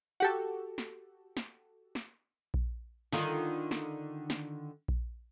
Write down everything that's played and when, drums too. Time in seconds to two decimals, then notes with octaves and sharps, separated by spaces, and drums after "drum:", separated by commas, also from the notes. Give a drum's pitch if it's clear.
0.20 F#4 G4 A4
0.78 drum: snare
1.37 drum: snare
1.95 drum: snare
2.54 drum: kick A#1
3.13 D3 D#3 F4, drum: snare
3.71 drum: snare
4.30 drum: snare
4.88 drum: kick A#1